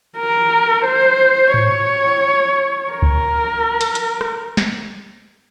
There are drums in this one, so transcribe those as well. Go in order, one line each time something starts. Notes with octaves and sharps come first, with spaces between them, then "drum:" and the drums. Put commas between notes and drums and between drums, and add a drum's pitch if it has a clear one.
A#4
C5
C#5, drum: tom G#2
A#4
drum: kick C#2
drum: hi-hat
drum: hi-hat
drum: rim click
drum: snare